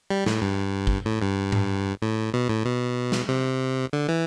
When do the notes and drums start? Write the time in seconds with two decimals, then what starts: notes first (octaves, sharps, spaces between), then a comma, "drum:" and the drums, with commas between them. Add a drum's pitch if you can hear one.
0.10 G3
0.26 A2, drum: snare
0.42 G2
0.87 drum: kick
1.05 A2
1.22 G2
1.52 drum: tom G#2
2.02 A2
2.34 B2
2.49 A2
2.65 B2
3.12 drum: snare
3.29 C3
3.93 D3
4.09 E3